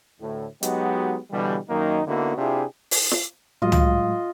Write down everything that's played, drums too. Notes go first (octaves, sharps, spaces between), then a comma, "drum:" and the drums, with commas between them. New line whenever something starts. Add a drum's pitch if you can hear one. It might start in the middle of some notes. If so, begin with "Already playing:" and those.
D2 A2
F#3 G#3 B3 D#4 F#4 G4, drum: hi-hat
B2 D3 E3 G3
F#2 D#3 F#3 A#3 D#4
D3 A#3 B3 D#4 E4 F#4
C3 D4 E4 F4 G4 G#4
drum: open hi-hat
drum: snare
A2 F#3 G#3 F4 D#5
drum: tom